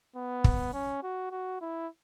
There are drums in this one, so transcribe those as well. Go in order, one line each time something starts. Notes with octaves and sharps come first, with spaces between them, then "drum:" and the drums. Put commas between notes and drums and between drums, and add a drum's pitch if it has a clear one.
B3
drum: kick
C#4
F#4
F#4
E4